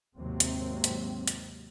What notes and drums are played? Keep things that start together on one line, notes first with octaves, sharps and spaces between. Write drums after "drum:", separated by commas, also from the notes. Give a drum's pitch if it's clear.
D#2 G#2 C3 F#3 C4
drum: hi-hat
drum: hi-hat
drum: hi-hat